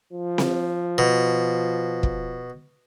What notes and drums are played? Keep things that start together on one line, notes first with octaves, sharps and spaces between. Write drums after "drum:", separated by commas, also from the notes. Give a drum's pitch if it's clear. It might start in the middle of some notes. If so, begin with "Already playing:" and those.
F3
drum: snare C4
B2
drum: kick